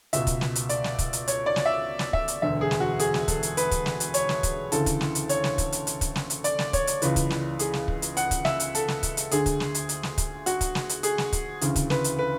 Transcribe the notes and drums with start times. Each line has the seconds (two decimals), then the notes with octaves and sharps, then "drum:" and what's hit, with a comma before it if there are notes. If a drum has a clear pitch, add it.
0.13 C#2 B2 E5, drum: hi-hat
0.27 drum: kick, hi-hat
0.41 drum: snare
0.55 drum: hi-hat
0.69 D5, drum: hi-hat
0.84 drum: snare
0.99 drum: kick, hi-hat
1.13 drum: hi-hat
1.28 C#5, drum: hi-hat
1.46 D5
1.56 drum: snare
1.65 E5
1.99 drum: snare
2.13 E5, drum: kick
2.28 drum: hi-hat
2.42 E1 D2 D3 E5
2.61 G#4
2.71 drum: snare
2.80 F#4
2.99 G#4, drum: hi-hat
3.14 drum: snare
3.28 A4, drum: kick, hi-hat
3.43 drum: hi-hat
3.57 B4, drum: hi-hat
3.71 drum: kick, hi-hat
3.86 drum: snare
4.00 drum: hi-hat
4.14 C#5, drum: hi-hat
4.29 drum: snare
4.43 drum: kick, hi-hat
4.72 D2 C#3 E3 A4, drum: hi-hat
4.86 drum: kick, hi-hat
5.01 drum: snare
5.15 drum: hi-hat
5.29 C#5, drum: hi-hat
5.44 drum: snare
5.58 drum: kick, hi-hat
5.72 drum: hi-hat
5.87 drum: hi-hat
6.01 drum: kick, hi-hat
6.16 drum: snare
6.30 drum: hi-hat
6.44 D5, drum: hi-hat
6.59 drum: snare
6.73 C#5, drum: kick, hi-hat
6.87 drum: hi-hat
7.02 C#2 C#3 E3 B4, drum: hi-hat
7.16 drum: kick, hi-hat
7.30 drum: snare
7.59 G#4, drum: hi-hat
7.73 drum: snare
7.88 drum: kick
8.02 drum: hi-hat
8.17 F#5, drum: hi-hat
8.31 drum: kick, hi-hat
8.45 E5, drum: snare
8.60 drum: hi-hat
8.75 A4, drum: hi-hat
8.88 drum: snare
9.03 drum: kick, hi-hat
9.17 drum: hi-hat
9.31 D2 D3 G#4, drum: hi-hat
9.46 drum: kick, hi-hat
9.60 drum: snare
9.75 drum: hi-hat
9.89 drum: hi-hat
10.03 drum: snare
10.18 drum: kick, hi-hat
10.46 F#4, drum: hi-hat
10.61 drum: kick, hi-hat
10.75 drum: snare
10.89 drum: hi-hat
11.03 G#4, drum: hi-hat
11.18 drum: snare
11.33 drum: kick, hi-hat
11.61 D2 C#3 E3, drum: hi-hat
11.76 drum: kick, hi-hat
11.90 B4, drum: snare
12.04 drum: hi-hat
12.19 B4